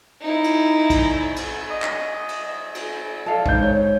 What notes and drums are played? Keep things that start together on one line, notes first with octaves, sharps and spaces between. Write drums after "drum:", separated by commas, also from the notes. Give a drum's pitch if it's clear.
D#4 E4
drum: cymbal
drum: kick, cymbal
drum: cymbal
D#5
drum: clap
drum: cymbal
drum: cymbal
A4 D5 F5
G#2 G6, drum: kick
C#5